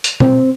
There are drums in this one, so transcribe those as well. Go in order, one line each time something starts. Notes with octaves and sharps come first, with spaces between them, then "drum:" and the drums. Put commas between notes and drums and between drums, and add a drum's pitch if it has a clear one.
drum: hi-hat
C4, drum: tom B2